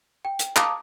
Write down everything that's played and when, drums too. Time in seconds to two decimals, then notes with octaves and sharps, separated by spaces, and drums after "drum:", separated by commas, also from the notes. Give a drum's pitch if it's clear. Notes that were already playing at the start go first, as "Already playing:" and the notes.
0.25 G5
0.39 drum: hi-hat
0.56 F5 A5 A#5 D6 D#6, drum: clap